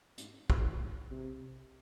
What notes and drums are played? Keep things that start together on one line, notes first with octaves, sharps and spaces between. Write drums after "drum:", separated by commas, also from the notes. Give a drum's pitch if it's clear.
G#2, drum: hi-hat
G2, drum: kick
G#2
C3